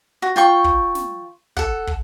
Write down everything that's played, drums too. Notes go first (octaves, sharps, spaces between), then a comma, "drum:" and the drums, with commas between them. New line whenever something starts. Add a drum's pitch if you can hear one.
F#4
F4 G5 C#6
drum: kick
drum: snare
A4 F#5, drum: kick
drum: kick